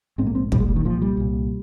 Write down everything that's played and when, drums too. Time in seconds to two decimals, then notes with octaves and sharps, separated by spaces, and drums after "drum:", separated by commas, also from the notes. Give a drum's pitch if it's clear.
0.18 A#1 G#2 C4
0.27 A#3
0.35 C4
0.52 C2 A#2 G3, drum: kick
0.60 G#3
0.68 G3
0.76 D#3
0.85 C2 A#2 F3
1.02 G3
1.17 C2 A#2